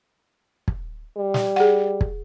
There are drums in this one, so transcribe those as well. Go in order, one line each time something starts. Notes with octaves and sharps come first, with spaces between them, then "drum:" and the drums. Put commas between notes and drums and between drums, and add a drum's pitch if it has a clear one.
drum: kick
G3
drum: snare
G#4 F#5
drum: kick